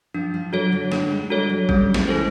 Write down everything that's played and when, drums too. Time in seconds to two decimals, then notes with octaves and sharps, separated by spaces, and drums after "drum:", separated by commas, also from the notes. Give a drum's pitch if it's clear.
0.14 F3 D4
0.34 F3
0.53 F#3 F#4 A4 C#5
0.72 D3
0.92 D3 D4, drum: snare
1.11 G#3
1.30 G3 F#4 A4 C#5
1.50 F#3
1.69 G3 C#4, drum: kick A1
1.94 G#3, drum: snare
2.08 E3 E4 A4 C5